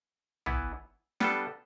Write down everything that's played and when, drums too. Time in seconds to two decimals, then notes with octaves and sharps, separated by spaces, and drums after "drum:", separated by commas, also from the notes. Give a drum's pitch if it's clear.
0.46 E3 B3 E4, drum: tom A1
1.20 G3 B3 D4 A4, drum: snare